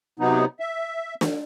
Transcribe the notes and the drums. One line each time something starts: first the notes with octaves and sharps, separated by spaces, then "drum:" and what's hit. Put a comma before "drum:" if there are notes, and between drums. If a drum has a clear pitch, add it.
C3 F#3 B3 D#4
E5
drum: snare